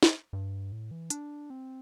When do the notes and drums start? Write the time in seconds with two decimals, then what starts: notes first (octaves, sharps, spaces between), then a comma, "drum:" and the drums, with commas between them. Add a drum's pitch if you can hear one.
0.03 drum: snare
0.33 G2
0.72 A2
0.91 E3
1.10 D4, drum: hi-hat
1.50 C4